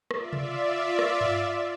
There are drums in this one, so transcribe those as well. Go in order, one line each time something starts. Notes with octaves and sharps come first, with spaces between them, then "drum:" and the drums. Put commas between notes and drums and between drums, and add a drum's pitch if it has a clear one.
F4 D5 E5, drum: rim click
drum: tom C3
drum: rim click
drum: tom G2